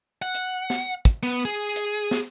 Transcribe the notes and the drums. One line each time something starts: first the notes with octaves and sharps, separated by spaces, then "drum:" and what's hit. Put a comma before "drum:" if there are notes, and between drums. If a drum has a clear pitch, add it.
F#5
drum: hi-hat
drum: snare
drum: kick, hi-hat
B3
G#4
drum: hi-hat
drum: snare